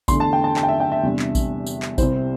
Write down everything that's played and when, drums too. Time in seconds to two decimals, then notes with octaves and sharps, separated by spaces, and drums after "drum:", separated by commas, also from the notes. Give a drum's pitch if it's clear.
0.08 E2 D3 A3 D4 C6, drum: kick A1, tambourine
0.20 A5
0.33 G5
0.44 A5
0.56 A5, drum: clap
0.63 G5
0.68 E5
0.80 G5
0.92 E5
1.03 E2 C3 G3 D4
1.19 drum: clap
1.35 drum: kick A1, tambourine
1.67 drum: tambourine
1.82 drum: clap
1.98 C2 C3 G3 E4 C5, drum: kick A1, tambourine